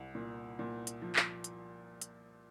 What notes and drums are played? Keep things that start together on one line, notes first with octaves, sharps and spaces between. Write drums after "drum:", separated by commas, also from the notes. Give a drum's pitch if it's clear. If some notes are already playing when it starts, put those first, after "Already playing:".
Already playing: C2
A#2
A#2
drum: hi-hat
F3
drum: clap
drum: hi-hat
drum: hi-hat